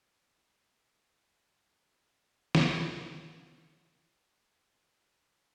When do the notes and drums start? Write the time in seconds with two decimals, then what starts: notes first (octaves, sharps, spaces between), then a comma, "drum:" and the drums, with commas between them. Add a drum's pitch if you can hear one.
0.16 F#2 A2
2.55 drum: snare
2.73 G4
3.28 F#4
4.24 E3
4.74 D4
5.15 G#4